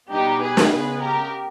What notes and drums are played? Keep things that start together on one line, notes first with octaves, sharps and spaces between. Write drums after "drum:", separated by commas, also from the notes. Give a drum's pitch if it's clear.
B2 G3 B3 D#4 G4
G#4 B4
drum: snare
C#3 G#3 B3 G#4 B4
G4 A#4